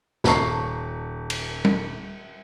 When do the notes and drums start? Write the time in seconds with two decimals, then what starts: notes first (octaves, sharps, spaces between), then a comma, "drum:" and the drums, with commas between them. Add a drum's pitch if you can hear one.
0.24 D#1 A5 A#5 C#6 C7, drum: snare
1.30 drum: cymbal
1.65 drum: tom G3